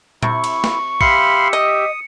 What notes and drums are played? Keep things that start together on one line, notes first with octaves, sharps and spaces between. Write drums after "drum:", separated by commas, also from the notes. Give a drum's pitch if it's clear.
C3 E4 C#6, drum: tom A#2
drum: cymbal
drum: snare
G4 E5 F5 B5 C6 C#7, drum: kick
D#5 D#6